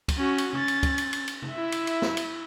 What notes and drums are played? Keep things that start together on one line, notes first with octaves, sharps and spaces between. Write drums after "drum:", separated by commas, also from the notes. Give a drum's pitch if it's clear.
drum: kick, cymbal
C#4 F#4
drum: cymbal
C#4 A6, drum: tom C3
drum: cymbal
drum: kick, cymbal
drum: cymbal
drum: cymbal
drum: cymbal
drum: tom C3
E4 E5
drum: cymbal
drum: cymbal
drum: snare
drum: cymbal